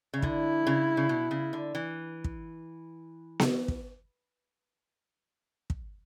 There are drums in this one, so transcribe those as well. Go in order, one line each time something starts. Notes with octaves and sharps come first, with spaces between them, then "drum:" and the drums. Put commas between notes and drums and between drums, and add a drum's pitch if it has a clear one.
C#3
D3 E4, drum: kick
C#3
C#3
B2
C#3
D3
E3
drum: kick
drum: snare B3
drum: kick
drum: kick